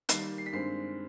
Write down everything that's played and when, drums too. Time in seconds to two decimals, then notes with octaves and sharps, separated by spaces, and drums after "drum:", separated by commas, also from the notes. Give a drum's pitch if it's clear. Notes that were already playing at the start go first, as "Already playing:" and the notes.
0.09 D#3 G3 A#3 C7, drum: hi-hat
0.38 C7
0.46 B6
0.52 G2 D#3 G#3 C4 C7